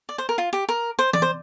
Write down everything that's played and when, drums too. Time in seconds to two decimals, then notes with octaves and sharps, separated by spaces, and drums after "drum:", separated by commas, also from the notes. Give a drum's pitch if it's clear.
0.09 D5
0.18 C5
0.29 A#4
0.38 F4
0.53 G4
0.69 A#4
0.99 C5
1.13 D5, drum: tom E3
1.22 C5